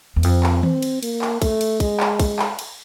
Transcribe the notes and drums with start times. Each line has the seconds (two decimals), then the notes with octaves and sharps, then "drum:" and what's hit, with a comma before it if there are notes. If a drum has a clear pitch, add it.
0.16 E2
0.23 F2 C4, drum: cymbal
0.43 drum: clap
0.63 C4, drum: tom D#3
0.82 drum: cymbal
1.03 A#3, drum: cymbal
1.22 drum: clap
1.42 A3, drum: kick, cymbal
1.61 drum: cymbal
1.80 G#3, drum: kick, cymbal
2.00 drum: clap
2.20 drum: kick, cymbal
2.39 drum: clap
2.59 drum: cymbal